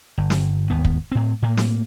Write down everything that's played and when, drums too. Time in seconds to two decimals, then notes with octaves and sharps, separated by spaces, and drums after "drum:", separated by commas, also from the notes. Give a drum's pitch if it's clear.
0.18 G1
0.30 drum: snare
0.70 G#1 D#2 B3
0.84 drum: kick
1.12 A2 C4
1.42 A2 A#3
1.57 drum: snare